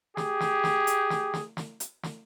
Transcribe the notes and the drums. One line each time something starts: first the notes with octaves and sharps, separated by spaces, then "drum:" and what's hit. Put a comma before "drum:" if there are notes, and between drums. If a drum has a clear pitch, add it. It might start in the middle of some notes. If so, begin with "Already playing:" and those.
G4 G#4, drum: snare
drum: snare
drum: snare
drum: hi-hat
drum: snare
drum: snare
drum: snare
drum: hi-hat
drum: snare